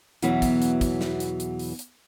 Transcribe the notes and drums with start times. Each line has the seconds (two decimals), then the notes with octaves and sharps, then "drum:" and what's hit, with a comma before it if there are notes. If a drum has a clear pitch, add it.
0.23 E2 B2 E3 F#3 B3, drum: hi-hat
0.42 drum: kick, hi-hat
0.62 drum: hi-hat
0.81 drum: kick, hi-hat
1.01 drum: snare
1.20 drum: hi-hat
1.40 drum: hi-hat
1.59 drum: open hi-hat
1.79 drum: hi-hat